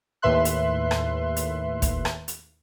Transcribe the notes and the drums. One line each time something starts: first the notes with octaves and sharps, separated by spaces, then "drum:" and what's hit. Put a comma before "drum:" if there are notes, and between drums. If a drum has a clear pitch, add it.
D#2 A2 B4 E5 C6 F#6
drum: hi-hat
drum: rim click
drum: hi-hat
drum: kick, hi-hat
drum: rim click
drum: hi-hat